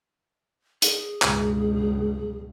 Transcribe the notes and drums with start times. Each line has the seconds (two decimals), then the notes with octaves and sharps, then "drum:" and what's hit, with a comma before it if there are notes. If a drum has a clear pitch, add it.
0.82 G#4, drum: hi-hat
1.22 C#2 G2 B2, drum: clap